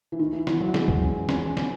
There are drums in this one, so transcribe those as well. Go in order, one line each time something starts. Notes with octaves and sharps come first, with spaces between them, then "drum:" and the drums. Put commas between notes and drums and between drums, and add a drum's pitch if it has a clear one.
E3
D#3
E3
E3, drum: snare
F#3
G#3, drum: snare
drum: kick
C#4
C#4, drum: snare
C#4
drum: snare